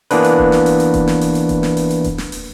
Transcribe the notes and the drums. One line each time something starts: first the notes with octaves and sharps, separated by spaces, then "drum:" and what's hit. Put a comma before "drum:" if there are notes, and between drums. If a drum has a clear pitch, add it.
E3 A#3 B3 D4 B4, drum: open hi-hat
drum: hi-hat
drum: kick D#1
drum: snare
drum: open hi-hat
drum: hi-hat
drum: kick D#1, hi-hat
drum: snare
drum: open hi-hat
drum: hi-hat
drum: kick D#1, hi-hat
drum: snare
drum: open hi-hat
drum: hi-hat
drum: kick D#1, hi-hat
drum: snare
drum: open hi-hat